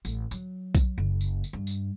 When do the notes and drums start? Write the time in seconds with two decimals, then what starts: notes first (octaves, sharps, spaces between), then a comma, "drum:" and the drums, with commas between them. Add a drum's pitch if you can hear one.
0.05 A1, drum: tambourine
0.31 F#3, drum: tambourine
0.75 drum: kick B1, tambourine
0.98 F#1
1.21 drum: tambourine
1.44 drum: tambourine
1.53 G2
1.67 drum: tambourine